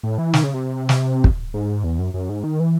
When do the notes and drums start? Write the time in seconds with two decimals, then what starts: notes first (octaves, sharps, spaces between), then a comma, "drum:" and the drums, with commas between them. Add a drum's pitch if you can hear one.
0.03 A2
0.18 E3
0.34 D#3, drum: snare
0.44 C#3
0.54 C3
0.89 drum: snare
1.24 drum: kick
1.54 G#2
1.84 E2
1.99 F#2
2.14 F#2
2.29 G#2
2.44 D#3
2.60 E3